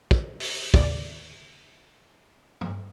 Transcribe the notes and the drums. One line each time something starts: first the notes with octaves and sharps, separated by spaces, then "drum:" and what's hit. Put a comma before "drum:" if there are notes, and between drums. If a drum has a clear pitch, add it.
drum: kick
drum: open hi-hat
D#2 A2 C#3 D5, drum: kick
drum: tom